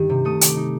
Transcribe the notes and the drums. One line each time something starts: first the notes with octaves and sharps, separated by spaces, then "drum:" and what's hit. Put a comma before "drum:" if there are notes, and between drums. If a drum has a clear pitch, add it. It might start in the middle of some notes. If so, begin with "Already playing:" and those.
Already playing: G2 D#3 G3
C3
A3 D#6
D#4 D6, drum: hi-hat
D#4